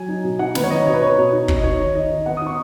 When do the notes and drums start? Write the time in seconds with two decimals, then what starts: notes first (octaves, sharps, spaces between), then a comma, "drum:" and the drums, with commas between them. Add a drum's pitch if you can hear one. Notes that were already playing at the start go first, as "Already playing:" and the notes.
Already playing: F#3 G#5
0.08 D#4
0.24 B2
0.39 D#4 F#5
0.55 D#3 B4, drum: snare
0.64 C#5
0.70 D#4 D#5
0.86 B2 C#5
0.94 B4
1.02 D#4 C#5
1.18 B2
1.33 D#4
1.48 B2, drum: kick
1.56 D#5
1.64 D#4 C#5
1.79 D#3
1.95 D#4 D#5
2.11 D#3
2.26 B3 F#5
2.37 D#4 D#6
2.47 C#6